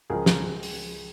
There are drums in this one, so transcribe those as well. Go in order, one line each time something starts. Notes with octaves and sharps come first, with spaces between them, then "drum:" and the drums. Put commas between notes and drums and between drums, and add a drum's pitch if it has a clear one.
C#2 C#3 F3 G#4 A#4
drum: snare
G#3
drum: open hi-hat